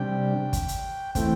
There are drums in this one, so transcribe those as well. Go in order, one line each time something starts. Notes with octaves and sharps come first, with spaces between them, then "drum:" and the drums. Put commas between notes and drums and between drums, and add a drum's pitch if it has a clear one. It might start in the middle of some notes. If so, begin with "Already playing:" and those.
Already playing: C3 G3 D4 G5
drum: kick, hi-hat
drum: hi-hat
E3 A3 C4 G5, drum: kick, hi-hat